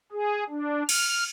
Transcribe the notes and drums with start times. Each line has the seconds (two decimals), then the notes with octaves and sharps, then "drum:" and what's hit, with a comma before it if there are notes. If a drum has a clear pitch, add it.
0.12 G#4
0.49 D4
0.89 F6, drum: cymbal